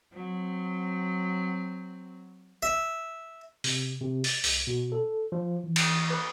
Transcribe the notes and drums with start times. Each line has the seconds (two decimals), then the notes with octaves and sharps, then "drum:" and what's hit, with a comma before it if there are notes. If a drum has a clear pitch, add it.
0.13 F#3 C4
2.63 E5
3.64 C3, drum: open hi-hat
4.01 C3
4.24 A6, drum: open hi-hat
4.44 C2, drum: open hi-hat
4.67 B2
4.92 A4
5.32 F3
5.64 E3
5.76 drum: cymbal
6.10 B4